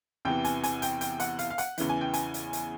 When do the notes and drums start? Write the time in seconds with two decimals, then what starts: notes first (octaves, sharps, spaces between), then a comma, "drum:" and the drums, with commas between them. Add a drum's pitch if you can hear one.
0.25 E2 C3 E3 G5
0.45 G#5, drum: hi-hat
0.64 G#5, drum: hi-hat
0.82 G5, drum: hi-hat
1.01 G5, drum: hi-hat
1.20 F#5, drum: hi-hat
1.39 F5, drum: hi-hat
1.50 F5
1.58 F#5, drum: hi-hat
1.78 E2 C#3 E3, drum: hi-hat
1.89 G#5
2.01 G5
2.14 G#5, drum: hi-hat
2.34 drum: hi-hat
2.53 drum: hi-hat